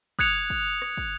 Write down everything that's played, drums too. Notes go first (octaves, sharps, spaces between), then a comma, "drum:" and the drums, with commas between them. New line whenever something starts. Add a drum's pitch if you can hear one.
D#6 F#6 G#6 C#7 F7, drum: kick
drum: kick
drum: rim click
drum: kick